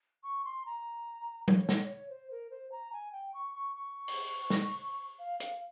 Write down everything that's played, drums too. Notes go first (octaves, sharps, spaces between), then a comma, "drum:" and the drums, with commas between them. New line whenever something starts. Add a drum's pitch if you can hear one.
C#6
C6
A#5
C#5, drum: tom F#3
C#5, drum: snare
C#5
C5
A#4
C5
A#5
G#5
G5
C#6
C#6
C#6
drum: open hi-hat
drum: snare
F5
F5, drum: hi-hat